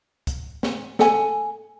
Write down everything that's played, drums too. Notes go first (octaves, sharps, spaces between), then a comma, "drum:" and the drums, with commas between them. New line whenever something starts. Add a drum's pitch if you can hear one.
drum: kick, hi-hat
drum: snare
A4 G#5, drum: snare